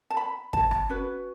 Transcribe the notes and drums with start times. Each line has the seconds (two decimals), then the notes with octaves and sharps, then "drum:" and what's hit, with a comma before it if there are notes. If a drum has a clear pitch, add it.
0.10 A5
0.17 B5
0.53 A5, drum: kick
0.71 drum: rim click
0.89 C#4 F#4 B4